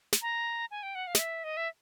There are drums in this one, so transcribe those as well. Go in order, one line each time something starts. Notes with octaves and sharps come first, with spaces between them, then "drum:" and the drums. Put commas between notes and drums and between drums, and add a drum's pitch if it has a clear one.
drum: snare
A#5
G#5
G5
F#5
F5
D#5, drum: snare
E5
D#5
E5